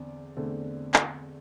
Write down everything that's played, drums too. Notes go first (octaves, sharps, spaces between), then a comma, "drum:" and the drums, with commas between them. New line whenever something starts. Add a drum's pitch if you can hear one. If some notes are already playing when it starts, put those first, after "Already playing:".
Already playing: E2 D3 C4 D5
E2 D3 A3 C4
drum: clap